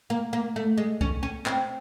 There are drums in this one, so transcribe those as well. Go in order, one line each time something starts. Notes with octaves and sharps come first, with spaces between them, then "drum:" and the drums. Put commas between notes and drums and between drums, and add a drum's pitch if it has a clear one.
A#3
A#3
A3
G#3
C#4, drum: kick C2
C#4
C4, drum: clap